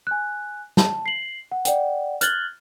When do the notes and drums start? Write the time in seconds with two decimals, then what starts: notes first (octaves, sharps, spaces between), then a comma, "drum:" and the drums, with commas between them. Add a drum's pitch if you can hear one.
0.07 G#5 F#6
0.77 A5, drum: snare
1.06 C7 F#7
1.52 F#5
1.65 D5 F#5 G5, drum: hi-hat
2.21 F6 F#6 G#6 A6 F#7 G7, drum: hi-hat